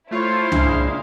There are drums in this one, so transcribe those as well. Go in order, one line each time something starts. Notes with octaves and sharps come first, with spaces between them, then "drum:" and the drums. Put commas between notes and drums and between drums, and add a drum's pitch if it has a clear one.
A3 E4 F4 C5 C#5 F5
A#2 C#3 G#3 D4, drum: tom C2